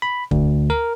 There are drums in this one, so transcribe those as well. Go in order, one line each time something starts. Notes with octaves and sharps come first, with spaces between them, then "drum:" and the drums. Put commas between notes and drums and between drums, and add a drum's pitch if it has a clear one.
B5
D2, drum: kick
A#4